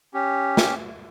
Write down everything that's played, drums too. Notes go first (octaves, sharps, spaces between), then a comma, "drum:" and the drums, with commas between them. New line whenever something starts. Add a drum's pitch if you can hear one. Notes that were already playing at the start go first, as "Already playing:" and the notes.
C#4 G4
drum: snare